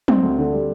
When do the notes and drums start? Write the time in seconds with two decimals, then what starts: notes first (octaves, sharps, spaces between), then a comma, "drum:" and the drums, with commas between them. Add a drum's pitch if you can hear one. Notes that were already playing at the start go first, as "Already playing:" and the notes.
0.08 C4, drum: tom
0.23 D2
0.38 D3
0.53 G3